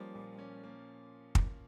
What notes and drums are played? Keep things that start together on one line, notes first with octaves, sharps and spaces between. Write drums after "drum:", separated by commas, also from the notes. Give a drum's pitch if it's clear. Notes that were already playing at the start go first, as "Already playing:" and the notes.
Already playing: F3 G3 A#3 C#4
A#2
C#4
A#3
drum: kick